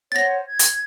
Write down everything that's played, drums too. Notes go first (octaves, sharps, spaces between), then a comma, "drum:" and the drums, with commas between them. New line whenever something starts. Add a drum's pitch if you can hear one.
C5 C#5 F#5 A6 A#6
G#6
drum: hi-hat